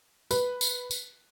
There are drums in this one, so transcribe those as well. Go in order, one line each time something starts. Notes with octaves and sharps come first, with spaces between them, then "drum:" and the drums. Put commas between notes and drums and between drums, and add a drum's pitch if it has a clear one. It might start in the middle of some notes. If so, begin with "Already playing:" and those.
B4, drum: tambourine
drum: tambourine
drum: tambourine